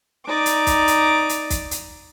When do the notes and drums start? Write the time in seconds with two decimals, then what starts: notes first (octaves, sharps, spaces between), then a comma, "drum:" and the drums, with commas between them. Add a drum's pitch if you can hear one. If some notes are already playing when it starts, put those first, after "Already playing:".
0.25 D#4 D5 D6
0.46 drum: hi-hat
0.67 drum: kick, hi-hat
0.87 drum: hi-hat
1.29 drum: hi-hat
1.50 drum: kick, hi-hat
1.71 drum: hi-hat